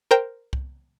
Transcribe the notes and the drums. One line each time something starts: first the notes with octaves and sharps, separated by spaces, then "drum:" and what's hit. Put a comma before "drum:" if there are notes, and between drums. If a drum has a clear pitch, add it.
A#4 C5 G5
drum: kick C2